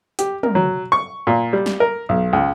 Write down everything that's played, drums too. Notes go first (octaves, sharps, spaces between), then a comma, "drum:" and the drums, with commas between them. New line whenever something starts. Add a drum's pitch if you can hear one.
G4, drum: hi-hat
A#4, drum: tom
F#3
C#6
A#2
G3
drum: snare
A#4
B1
C#2